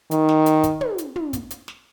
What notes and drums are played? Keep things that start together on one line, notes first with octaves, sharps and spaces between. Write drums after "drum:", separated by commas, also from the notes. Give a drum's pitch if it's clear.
D#3, drum: hi-hat
drum: snare
drum: hi-hat
drum: kick, hi-hat
drum: tom
drum: hi-hat
drum: tom
drum: kick, hi-hat
drum: hi-hat
drum: snare